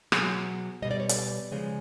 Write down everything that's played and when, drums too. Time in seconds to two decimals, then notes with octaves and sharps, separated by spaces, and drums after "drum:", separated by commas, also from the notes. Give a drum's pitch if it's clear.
0.12 B2 F#3 G#4, drum: rim click
0.82 B2 G3 D#5
0.91 D5
1.00 C#5
1.09 D5, drum: hi-hat
1.51 C#3 F3 G#3